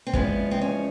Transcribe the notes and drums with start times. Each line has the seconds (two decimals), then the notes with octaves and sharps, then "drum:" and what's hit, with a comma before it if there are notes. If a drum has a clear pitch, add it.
0.07 C4
0.13 E2 C#3 F3 G#3 B3, drum: kick
0.51 C4
0.61 C#4